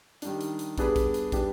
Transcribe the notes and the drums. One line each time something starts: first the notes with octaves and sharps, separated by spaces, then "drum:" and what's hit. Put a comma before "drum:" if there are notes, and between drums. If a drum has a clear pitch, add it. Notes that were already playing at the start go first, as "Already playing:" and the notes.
D#3 G3 D4, drum: hi-hat
drum: hi-hat
drum: hi-hat
G3 B3 D4 G#4 B4, drum: kick, hi-hat
drum: kick, hi-hat
drum: hi-hat
G3 D4 G4 B4, drum: kick, hi-hat